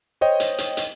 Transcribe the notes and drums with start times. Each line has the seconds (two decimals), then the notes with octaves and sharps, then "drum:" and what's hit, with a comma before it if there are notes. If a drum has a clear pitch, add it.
0.21 C5 C#5 D#5 G5
0.40 drum: hi-hat
0.58 drum: hi-hat
0.77 drum: hi-hat